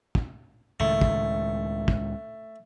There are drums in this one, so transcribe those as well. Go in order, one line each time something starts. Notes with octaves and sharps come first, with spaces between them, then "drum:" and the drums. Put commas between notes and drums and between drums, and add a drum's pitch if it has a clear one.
drum: kick
C#2 A2 D#3 A3
drum: kick
drum: kick